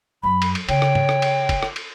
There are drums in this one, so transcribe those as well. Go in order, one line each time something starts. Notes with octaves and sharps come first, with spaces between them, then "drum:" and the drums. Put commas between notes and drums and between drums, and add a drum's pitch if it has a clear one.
F#2 B5
drum: cymbal
drum: cymbal
C#3 C#5 G5, drum: cymbal
drum: rim click
drum: tom
drum: rim click
drum: cymbal
drum: kick, cymbal
drum: rim click
drum: cymbal